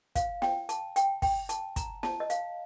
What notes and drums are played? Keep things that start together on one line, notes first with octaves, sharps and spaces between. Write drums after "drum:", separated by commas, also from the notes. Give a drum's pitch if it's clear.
F5, drum: kick, hi-hat
G5, drum: snare
A5, drum: hi-hat
G5, drum: hi-hat
G5, drum: kick, open hi-hat
A5, drum: hi-hat
A#5, drum: kick, hi-hat
A5, drum: snare
D#5
F5, drum: hi-hat